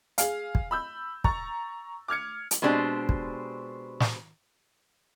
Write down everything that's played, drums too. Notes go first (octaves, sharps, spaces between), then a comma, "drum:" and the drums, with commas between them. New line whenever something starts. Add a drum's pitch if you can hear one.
G#4 F5, drum: hi-hat
drum: kick
B5 E6 G6
A#5 C#6 A6, drum: kick
D6 F6 G#6 C#7
drum: hi-hat
B2 G#3 C4 D4 G4 G5
drum: kick
drum: snare